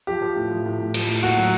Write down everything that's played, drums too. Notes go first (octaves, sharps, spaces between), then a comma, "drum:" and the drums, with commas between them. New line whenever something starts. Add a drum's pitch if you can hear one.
F3 G4
F3
A2
F3
A2
A2
F3, drum: cymbal
A2
A#2 F#4
F#3